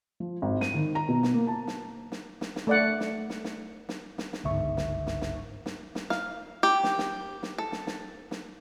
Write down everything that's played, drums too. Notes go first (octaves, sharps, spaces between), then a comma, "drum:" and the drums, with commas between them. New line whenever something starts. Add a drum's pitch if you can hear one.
F3
G#1
D#7, drum: snare
D#3
A#5
B2
drum: snare
A#3
A5
drum: snare
drum: snare
drum: snare
drum: snare
A3 D5 F#5
drum: snare
drum: snare
drum: snare
drum: snare
drum: snare
drum: snare
G1 C#2 G#2 E5 C#6
drum: snare
drum: snare
drum: snare
drum: snare
drum: snare
F5, drum: snare
G4
drum: snare
drum: snare
drum: snare
A4
drum: snare
drum: snare
drum: snare